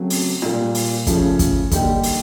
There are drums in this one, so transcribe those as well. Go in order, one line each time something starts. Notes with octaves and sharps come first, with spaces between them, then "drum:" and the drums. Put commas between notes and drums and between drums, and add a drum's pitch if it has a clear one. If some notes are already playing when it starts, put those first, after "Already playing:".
Already playing: C#3 F#3 A3 C4
drum: open hi-hat
A#2 G3 A#3, drum: rim click
drum: open hi-hat
C#3 F3 A3, drum: kick, hi-hat
drum: kick, hi-hat
D3 G3 A#3 D#4 G4, drum: kick, hi-hat
drum: open hi-hat